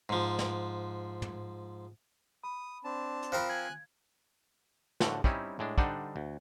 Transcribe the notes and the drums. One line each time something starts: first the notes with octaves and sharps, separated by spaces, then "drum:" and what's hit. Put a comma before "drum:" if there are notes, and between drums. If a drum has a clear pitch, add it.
G#2 F3
drum: snare
drum: tom
B5 D#6
C4 D4 A5
drum: hi-hat
F3 C4 A#4 B5 F#6
G#5 F#6 G#6
A2 D3 F3 F#4, drum: snare
G3 C4 C#4 D#4 E4, drum: kick
A2 G#3 D4
D3 G3 D4 D#4 C5 F#5, drum: kick
D2